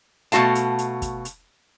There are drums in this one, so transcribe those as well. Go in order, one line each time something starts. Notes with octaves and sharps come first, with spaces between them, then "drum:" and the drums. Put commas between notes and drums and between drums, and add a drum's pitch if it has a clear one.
B2 A3 C4 F#4 F5 A5, drum: hi-hat
drum: hi-hat
drum: hi-hat
drum: kick, hi-hat
drum: hi-hat